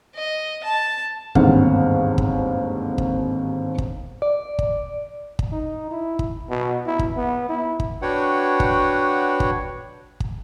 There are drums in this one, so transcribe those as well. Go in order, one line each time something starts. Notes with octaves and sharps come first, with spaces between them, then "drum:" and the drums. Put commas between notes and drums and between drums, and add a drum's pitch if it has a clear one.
D#5
A5
G1 D#2 G#2 C3 F5 F#5, drum: kick
drum: kick
drum: kick
drum: kick
D5
drum: kick
drum: kick
D#4
E4
drum: kick
B2
E4
drum: kick
B3
E4
drum: kick
D4 F#4 B4 C#5 F#5 G5
drum: kick
drum: kick
drum: kick